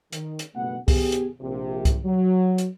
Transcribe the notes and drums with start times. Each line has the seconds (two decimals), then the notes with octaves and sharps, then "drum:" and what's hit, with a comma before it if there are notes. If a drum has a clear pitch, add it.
0.13 D#3, drum: hi-hat
0.39 drum: hi-hat
0.55 F#1 G2 B2 A3 B3 F#5
0.88 B3 G4 G#4, drum: kick C2, open hi-hat
1.12 drum: hi-hat
1.41 A#1 C3
1.85 drum: kick C2, hi-hat
2.05 F#3
2.58 drum: hi-hat